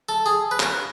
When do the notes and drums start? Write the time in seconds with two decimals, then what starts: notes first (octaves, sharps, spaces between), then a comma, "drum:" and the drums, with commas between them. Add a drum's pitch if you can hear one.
0.09 A4
0.26 G#4
0.51 B4
0.60 A#4, drum: clap